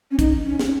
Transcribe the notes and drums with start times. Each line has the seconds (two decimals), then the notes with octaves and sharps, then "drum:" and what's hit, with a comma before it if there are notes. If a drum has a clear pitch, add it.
0.11 C#4
0.19 D#4, drum: kick, hi-hat
0.46 C#4
0.59 drum: snare